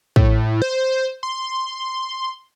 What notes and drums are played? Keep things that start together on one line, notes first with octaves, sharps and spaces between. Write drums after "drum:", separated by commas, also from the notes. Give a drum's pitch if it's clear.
A2, drum: kick
C5
C6